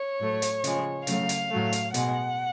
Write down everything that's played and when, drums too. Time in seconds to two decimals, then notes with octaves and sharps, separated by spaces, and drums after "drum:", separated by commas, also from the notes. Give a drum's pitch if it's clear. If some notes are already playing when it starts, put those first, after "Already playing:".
Already playing: C#5
0.20 A2 F#3 A3
0.42 drum: hi-hat
0.64 C#3 F3 G#3, drum: hi-hat
1.07 C#3 F#3 A3 F5, drum: hi-hat
1.29 drum: hi-hat
1.51 A2 F#3 A3
1.72 drum: hi-hat
1.94 B2 G#3 F#5, drum: hi-hat